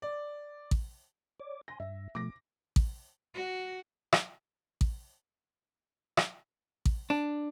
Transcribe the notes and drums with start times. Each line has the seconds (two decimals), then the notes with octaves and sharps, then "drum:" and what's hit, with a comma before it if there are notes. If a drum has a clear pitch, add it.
0.02 D5
0.71 drum: kick A1
1.40 C#5 D5 D6
1.68 G#5 C6 A#6
1.80 G2 E5
2.15 B2 F3 A3 D6 A#6
2.76 drum: kick A1
3.34 F#4
4.13 drum: rim click
4.81 drum: kick A1
6.17 drum: rim click
6.86 drum: kick A1
7.10 D4